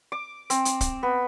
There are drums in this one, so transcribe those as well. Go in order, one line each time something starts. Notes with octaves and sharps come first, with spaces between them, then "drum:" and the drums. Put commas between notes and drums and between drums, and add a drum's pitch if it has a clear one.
D6
C4, drum: hi-hat
drum: hi-hat
drum: kick, hi-hat
B3